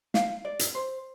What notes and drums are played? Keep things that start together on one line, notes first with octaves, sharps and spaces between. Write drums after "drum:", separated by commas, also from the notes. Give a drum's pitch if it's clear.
F5, drum: snare
D5
drum: hi-hat
C5